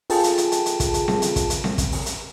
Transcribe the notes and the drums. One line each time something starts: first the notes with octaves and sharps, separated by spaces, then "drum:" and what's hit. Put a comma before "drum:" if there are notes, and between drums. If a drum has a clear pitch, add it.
F4 G#4 A4 G5 A5, drum: open hi-hat
drum: hi-hat
drum: hi-hat
drum: hi-hat
drum: hi-hat
drum: kick, hi-hat
drum: hi-hat
drum: snare C4
drum: hi-hat
drum: kick, hi-hat
drum: hi-hat
drum: snare C4
drum: kick, hi-hat
drum: open hi-hat
drum: hi-hat